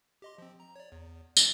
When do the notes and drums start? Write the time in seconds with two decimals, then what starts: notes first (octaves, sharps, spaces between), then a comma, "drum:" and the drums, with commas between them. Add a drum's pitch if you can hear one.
0.22 G4 D#5 C6
0.38 F3 C4
0.60 A#5
0.76 C#5 D5
0.92 E2
1.37 E3 G#3 C#4, drum: tambourine